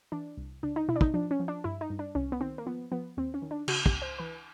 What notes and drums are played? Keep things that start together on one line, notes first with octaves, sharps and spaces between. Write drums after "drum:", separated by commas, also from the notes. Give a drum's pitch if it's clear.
E3 D4
C2
C#2 D4
D#4
B2 E4
D4
D#4, drum: kick
F3 D4
C#4
F3
D4
G2 E4
D#4
G2
D4
C2 C#4
B3
D#3 C4
A#3
F3 B3
F3 B3
D#2 C4
C#4
D#3
D4
C#3 F#4, drum: cymbal
G4, drum: kick
C#2
C5
E3 B4